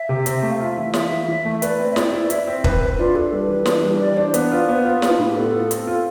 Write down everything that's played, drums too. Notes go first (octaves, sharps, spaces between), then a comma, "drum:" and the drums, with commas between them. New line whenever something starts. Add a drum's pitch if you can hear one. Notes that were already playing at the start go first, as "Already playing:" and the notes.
Already playing: E5
C3
C4, drum: hi-hat
A3
F5
F4 E5
E3
F4 E5, drum: snare
E3
E3
A3
B4 D5, drum: hi-hat
C4
E5
E4 D5, drum: snare
E4
E4 E5, drum: hi-hat
C4
B4, drum: kick
B4
D4 F4
D4 A4
G3 B4
E3
D4, drum: snare
G3
E3 D5
D4 C5
B3 B4, drum: hi-hat
F4
B3 C5
F4 B4
E4 F4, drum: snare
D4
A2 E4
G4
B3 A4
F4
C4, drum: hi-hat
F4